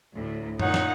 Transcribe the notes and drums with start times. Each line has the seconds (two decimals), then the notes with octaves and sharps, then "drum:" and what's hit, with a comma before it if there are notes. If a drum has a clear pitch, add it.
0.16 D2 A2
0.60 A#2 D#4 C#5 F#5, drum: tom F#2
0.74 drum: snare